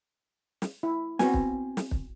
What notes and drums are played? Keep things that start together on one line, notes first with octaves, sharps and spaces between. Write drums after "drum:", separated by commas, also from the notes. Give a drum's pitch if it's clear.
drum: snare
E4
B3 C4 F#4 G#5, drum: snare
drum: kick
drum: snare
drum: kick